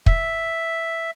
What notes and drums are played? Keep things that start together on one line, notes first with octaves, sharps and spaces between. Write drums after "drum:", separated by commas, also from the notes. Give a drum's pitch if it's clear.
E5, drum: kick